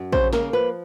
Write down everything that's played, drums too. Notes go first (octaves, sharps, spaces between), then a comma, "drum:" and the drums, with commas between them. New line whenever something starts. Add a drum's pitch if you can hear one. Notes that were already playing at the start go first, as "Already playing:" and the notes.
Already playing: F#2
C#3 C5, drum: kick A#1
A#3 A#4, drum: snare
F3 B4